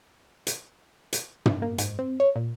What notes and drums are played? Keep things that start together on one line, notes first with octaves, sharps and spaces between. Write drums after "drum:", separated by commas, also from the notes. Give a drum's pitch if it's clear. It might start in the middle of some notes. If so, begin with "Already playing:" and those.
drum: hi-hat
drum: hi-hat
drum: tom
A#3
G#2, drum: hi-hat
C4
C#5
A#2